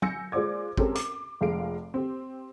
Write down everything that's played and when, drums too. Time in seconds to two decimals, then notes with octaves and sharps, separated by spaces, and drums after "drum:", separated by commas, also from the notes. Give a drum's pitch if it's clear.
0.02 G#5 E6 G6 A#6 C#7, drum: tom
0.32 G#3 F4 C5 D5 D6 G#6
0.77 G#3 C4 C#4 G4 A4 A#4, drum: kick
0.95 D6, drum: hi-hat
1.41 F1 F2 G#3 F5 C7 D7
1.94 C4 G4